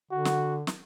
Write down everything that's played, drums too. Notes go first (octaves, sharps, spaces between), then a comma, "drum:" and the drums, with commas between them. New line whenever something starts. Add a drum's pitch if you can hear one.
D3 F#4
drum: snare
drum: snare